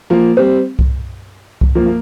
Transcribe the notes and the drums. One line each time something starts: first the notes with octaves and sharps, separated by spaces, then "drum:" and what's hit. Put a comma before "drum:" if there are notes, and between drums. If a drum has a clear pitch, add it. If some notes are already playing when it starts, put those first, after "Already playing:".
F3 A#3
G3 C4
drum: kick C2
drum: kick C2
F3 A#3
A#3